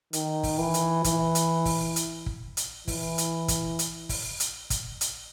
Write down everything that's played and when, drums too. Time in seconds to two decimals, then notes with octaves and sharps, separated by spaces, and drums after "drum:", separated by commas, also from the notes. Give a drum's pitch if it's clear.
0.13 D#3, drum: hi-hat
0.43 drum: kick, open hi-hat
0.59 E3
0.74 drum: hi-hat
1.04 E3, drum: kick, hi-hat
1.35 drum: hi-hat
1.65 drum: kick, open hi-hat
1.96 drum: hi-hat
2.26 drum: kick
2.57 drum: hi-hat
2.88 E3, drum: kick, open hi-hat
3.18 drum: hi-hat
3.48 drum: kick, hi-hat
3.79 drum: hi-hat
4.09 drum: kick, open hi-hat
4.40 drum: hi-hat
4.70 drum: kick, hi-hat
5.01 drum: hi-hat